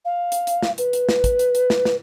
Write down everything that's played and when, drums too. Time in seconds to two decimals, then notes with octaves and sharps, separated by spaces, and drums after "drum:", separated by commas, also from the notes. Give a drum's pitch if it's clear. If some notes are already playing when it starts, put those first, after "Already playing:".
0.05 F5
0.32 drum: hi-hat
0.47 drum: hi-hat
0.63 drum: snare
0.78 B4, drum: hi-hat
0.93 drum: hi-hat
1.09 drum: snare
1.24 drum: kick, hi-hat
1.39 drum: hi-hat
1.55 drum: hi-hat
1.70 drum: snare
1.85 drum: snare